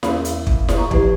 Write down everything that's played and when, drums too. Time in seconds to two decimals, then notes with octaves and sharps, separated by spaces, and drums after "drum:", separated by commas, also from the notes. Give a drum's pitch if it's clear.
0.03 E2 A#3 C#4 E5 F5 B5, drum: snare E4
0.25 drum: hi-hat
0.47 drum: kick
0.69 drum: snare E4
0.78 A#5 C#6
0.91 E3 F3 E4 G4 B4, drum: kick